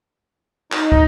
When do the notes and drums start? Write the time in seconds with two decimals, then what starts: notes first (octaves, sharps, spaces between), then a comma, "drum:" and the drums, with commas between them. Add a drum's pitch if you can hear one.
0.72 D#4, drum: clap
0.92 drum: kick